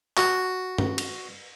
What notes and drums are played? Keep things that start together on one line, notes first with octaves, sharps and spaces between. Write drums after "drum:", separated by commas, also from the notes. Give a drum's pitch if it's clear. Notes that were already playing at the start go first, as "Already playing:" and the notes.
F#4, drum: clap
drum: tom
drum: cymbal